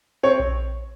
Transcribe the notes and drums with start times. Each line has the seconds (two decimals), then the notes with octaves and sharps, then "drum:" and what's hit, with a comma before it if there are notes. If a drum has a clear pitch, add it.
0.23 C4 C#5
0.40 drum: kick A#1